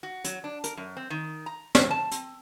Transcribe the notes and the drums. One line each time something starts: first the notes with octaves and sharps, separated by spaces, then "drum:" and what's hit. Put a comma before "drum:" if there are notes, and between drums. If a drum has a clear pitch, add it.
F#4
F#3, drum: hi-hat
D4
A#4, drum: hi-hat
F#2
C4
D#3
A#5
F2, drum: snare
A5
C4, drum: hi-hat